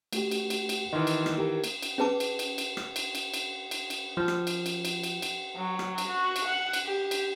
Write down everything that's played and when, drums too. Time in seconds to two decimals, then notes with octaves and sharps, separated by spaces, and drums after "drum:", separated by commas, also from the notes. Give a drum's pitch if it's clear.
0.13 A3 F#4 G4, drum: cymbal
0.31 drum: cymbal
0.50 drum: cymbal
0.69 drum: cymbal
0.93 D#3 E3 D#5 C6 F6
1.07 drum: cymbal
1.26 drum: rim click
1.36 A#3 G4 A#4
1.64 drum: cymbal
1.82 drum: cymbal
1.98 C#4 G#4 B4 A5 D6
2.20 drum: cymbal
2.39 drum: cymbal
2.58 drum: cymbal
2.77 drum: rim click
2.96 drum: cymbal
3.15 drum: cymbal
3.34 drum: cymbal
3.71 drum: cymbal
3.90 drum: cymbal
4.17 F3
4.28 drum: rim click
4.47 drum: cymbal
4.66 drum: cymbal
4.85 drum: cymbal
5.04 drum: cymbal
5.22 drum: cymbal
5.56 F#3
5.79 drum: rim click
5.98 drum: cymbal
6.08 F#4
6.36 drum: cymbal
6.45 F#5
6.73 drum: cymbal
6.85 G4
7.11 drum: cymbal